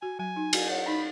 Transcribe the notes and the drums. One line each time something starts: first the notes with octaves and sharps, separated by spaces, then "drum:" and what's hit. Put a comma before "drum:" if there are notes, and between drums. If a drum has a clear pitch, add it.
F#4 G#5
F#3 G#5
D#4
F#4, drum: cymbal
C#5 F#5
D#4 B5